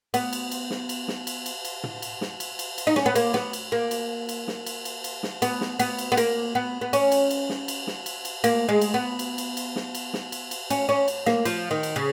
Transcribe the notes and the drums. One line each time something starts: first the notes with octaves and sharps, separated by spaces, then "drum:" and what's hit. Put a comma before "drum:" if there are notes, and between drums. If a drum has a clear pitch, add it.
B3, drum: cymbal
drum: cymbal
drum: cymbal
drum: snare
drum: cymbal
drum: snare
drum: cymbal
drum: cymbal
drum: cymbal
drum: tom
drum: cymbal
drum: snare
drum: cymbal
drum: cymbal
drum: cymbal
D#4
C#4, drum: snare
B3
A#3, drum: cymbal
B3, drum: snare
drum: cymbal
A#3
drum: cymbal
drum: cymbal
drum: snare
drum: cymbal
drum: cymbal
drum: cymbal
drum: snare
B3, drum: cymbal
drum: snare
B3, drum: cymbal
drum: cymbal
B3
A#3, drum: cymbal
B3
B3
C#4, drum: cymbal
drum: cymbal
drum: cymbal
drum: snare
drum: cymbal
drum: snare
drum: cymbal
drum: cymbal
A#3, drum: cymbal
G#3
drum: cymbal
B3
drum: cymbal
drum: cymbal
drum: cymbal
drum: snare
drum: cymbal
drum: snare
drum: cymbal
drum: cymbal
C#4, drum: cymbal
C#4
drum: cymbal
A#3, drum: snare
F3, drum: cymbal
D#3
drum: cymbal
C#3